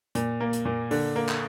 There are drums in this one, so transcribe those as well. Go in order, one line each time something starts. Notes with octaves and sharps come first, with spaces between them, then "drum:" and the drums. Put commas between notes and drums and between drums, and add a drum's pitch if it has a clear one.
A#2, drum: hi-hat
A#3
drum: hi-hat
A#2
D3, drum: open hi-hat
A#3
drum: clap